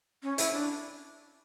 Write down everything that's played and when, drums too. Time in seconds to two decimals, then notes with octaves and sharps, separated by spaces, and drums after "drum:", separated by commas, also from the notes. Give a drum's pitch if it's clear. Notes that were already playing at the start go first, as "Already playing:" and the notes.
0.23 C#4
0.38 E4, drum: hi-hat
0.53 D4